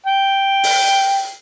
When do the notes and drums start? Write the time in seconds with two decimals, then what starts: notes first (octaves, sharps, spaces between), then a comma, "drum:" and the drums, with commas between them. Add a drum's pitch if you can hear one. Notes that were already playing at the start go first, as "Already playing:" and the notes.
0.07 G5
0.63 drum: open hi-hat